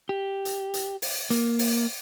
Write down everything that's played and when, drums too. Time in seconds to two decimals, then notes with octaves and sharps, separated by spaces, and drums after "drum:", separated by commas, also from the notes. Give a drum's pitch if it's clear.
0.09 G4
0.45 drum: hi-hat
0.74 drum: hi-hat
1.02 drum: open hi-hat
1.30 A#3, drum: hi-hat
1.59 drum: open hi-hat